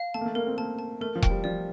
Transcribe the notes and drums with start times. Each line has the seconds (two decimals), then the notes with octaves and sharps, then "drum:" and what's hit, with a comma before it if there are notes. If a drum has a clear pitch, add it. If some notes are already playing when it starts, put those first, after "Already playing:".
Already playing: F5
0.14 A3 A5
0.21 A#3
0.26 A3
0.35 A#3 A#4
0.47 C4
0.57 A#3 A5
0.79 A5
1.01 A3 A#4
1.15 F3
1.22 G5, drum: kick E1
1.30 G3
1.44 F3 D5